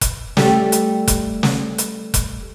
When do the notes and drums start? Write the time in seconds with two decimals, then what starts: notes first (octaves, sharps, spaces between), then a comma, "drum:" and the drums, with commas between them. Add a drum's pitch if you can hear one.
0.01 drum: kick F1, hi-hat
0.37 G3 A3 G4, drum: snare
0.72 drum: hi-hat
1.08 drum: kick F1, hi-hat
1.43 drum: snare
1.78 drum: hi-hat
2.14 drum: kick F1, hi-hat